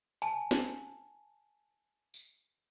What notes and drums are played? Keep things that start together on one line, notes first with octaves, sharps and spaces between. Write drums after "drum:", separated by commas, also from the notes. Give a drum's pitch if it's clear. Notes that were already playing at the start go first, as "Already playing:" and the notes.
G#5 A5, drum: hi-hat
drum: snare
drum: tambourine